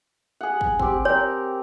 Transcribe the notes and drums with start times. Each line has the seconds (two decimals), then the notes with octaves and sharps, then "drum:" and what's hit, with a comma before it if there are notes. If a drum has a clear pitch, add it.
0.41 G#4 F#5
0.61 drum: kick
0.79 C4 G4, drum: kick
1.05 C4 A#4 C#5